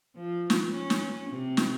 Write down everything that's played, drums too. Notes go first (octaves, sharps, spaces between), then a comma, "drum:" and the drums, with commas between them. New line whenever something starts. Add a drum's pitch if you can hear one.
F3
drum: snare
C#4
drum: snare
C3
drum: snare